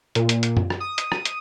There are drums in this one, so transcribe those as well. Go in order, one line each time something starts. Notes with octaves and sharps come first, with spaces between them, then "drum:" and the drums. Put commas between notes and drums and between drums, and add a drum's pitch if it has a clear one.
A#2, drum: hi-hat
drum: hi-hat
drum: hi-hat
drum: tom F#2
drum: rim click
D#6
drum: hi-hat
drum: rim click
drum: hi-hat